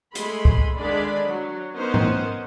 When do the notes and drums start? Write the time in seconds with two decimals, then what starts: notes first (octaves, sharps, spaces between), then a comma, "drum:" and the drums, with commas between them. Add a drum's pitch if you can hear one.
0.15 G#3 A3 B5 C6, drum: hi-hat
0.45 drum: kick
0.78 D3 D#3 G#3 D4 D5 B5
1.26 F#3
1.74 B3 C#4 D#4 A#4 C5 F#5
1.94 drum: tom G#2